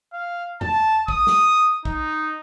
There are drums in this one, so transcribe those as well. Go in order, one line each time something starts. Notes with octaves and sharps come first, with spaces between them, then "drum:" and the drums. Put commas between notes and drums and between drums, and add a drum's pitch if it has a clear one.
F5
A5, drum: tom E2
D#6, drum: kick
drum: snare
D#4, drum: kick